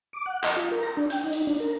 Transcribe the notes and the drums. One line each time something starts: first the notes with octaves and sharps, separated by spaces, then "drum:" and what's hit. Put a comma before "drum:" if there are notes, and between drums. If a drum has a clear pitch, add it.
D6
F#5
D#5, drum: clap
F4
A#4
A#5
D4
G5, drum: hi-hat
D#4
drum: hi-hat
D4
A#4